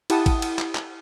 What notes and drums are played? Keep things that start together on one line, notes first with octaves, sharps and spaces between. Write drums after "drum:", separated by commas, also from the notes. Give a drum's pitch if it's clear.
E4 G4 F#5 A5 D#6, drum: cymbal
drum: kick, cymbal
drum: cymbal
drum: clap
drum: clap